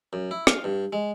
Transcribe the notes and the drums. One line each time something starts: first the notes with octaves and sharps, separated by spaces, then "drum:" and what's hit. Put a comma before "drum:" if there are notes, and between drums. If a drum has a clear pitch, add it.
F#2
E4
F5, drum: rim click
G2
G#3